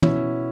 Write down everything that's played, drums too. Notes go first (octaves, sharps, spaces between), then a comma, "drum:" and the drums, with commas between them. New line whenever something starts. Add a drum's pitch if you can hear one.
B2 C#4 E4, drum: tom